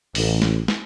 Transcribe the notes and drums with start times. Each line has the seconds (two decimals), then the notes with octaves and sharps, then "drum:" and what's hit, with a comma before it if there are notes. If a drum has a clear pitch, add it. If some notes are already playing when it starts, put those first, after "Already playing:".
0.15 A1, drum: open hi-hat
0.42 drum: snare
0.68 drum: snare